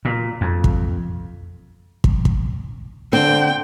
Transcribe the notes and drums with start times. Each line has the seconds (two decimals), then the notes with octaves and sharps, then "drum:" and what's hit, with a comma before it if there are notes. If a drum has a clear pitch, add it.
0.05 A#2
0.41 F2
0.64 drum: kick
2.04 drum: kick
2.25 drum: kick
3.13 D3 C4 G5